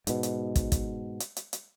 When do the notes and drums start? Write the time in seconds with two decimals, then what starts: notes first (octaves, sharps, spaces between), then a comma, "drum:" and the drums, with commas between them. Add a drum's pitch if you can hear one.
0.07 G#2 B2, drum: hi-hat
0.23 drum: hi-hat
0.56 drum: kick, hi-hat
0.72 drum: kick, hi-hat
1.20 drum: hi-hat
1.37 drum: hi-hat
1.53 drum: hi-hat